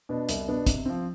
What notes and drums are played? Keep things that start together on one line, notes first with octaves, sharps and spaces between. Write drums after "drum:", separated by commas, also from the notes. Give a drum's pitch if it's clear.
B2 B3 D4
C2, drum: hi-hat
B2 B3 D4
C3, drum: kick, hi-hat
F3 C4